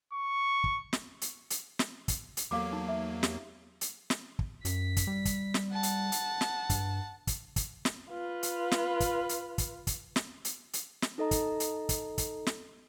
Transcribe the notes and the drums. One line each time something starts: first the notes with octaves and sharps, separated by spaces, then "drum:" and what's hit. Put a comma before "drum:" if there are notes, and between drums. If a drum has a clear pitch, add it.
C#6
drum: kick
drum: snare
drum: hi-hat
drum: hi-hat
drum: snare
drum: kick, hi-hat
drum: hi-hat
E2 F#3 A#3 A4 F5 D6
D#4
E5
G4, drum: snare
drum: hi-hat
drum: snare
drum: kick
F#2 B6, drum: hi-hat
drum: kick, hi-hat
G3
drum: kick, hi-hat
drum: snare
F#5 A5
drum: hi-hat
drum: hi-hat
drum: snare
G2, drum: kick, hi-hat
drum: kick, hi-hat
drum: kick, hi-hat
drum: snare
F4 B4
drum: hi-hat
drum: snare
drum: kick, hi-hat
drum: hi-hat
drum: kick, hi-hat
drum: kick, hi-hat
drum: snare
drum: hi-hat
drum: hi-hat
drum: snare
D#4 A4 D#5 A#5
drum: kick, hi-hat
drum: hi-hat
drum: kick, hi-hat
drum: kick, hi-hat
drum: snare